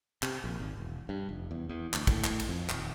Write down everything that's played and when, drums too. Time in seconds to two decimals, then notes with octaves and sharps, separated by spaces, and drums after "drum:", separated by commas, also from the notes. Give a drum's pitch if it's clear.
0.23 C3, drum: clap
0.44 A#1
0.60 G#1
0.78 E1
1.09 G2
1.29 F1
1.51 E2
1.69 E2
1.93 D2, drum: clap
2.07 A2, drum: kick, cymbal
2.24 drum: clap
2.40 drum: cymbal
2.49 F2
2.69 D#1, drum: clap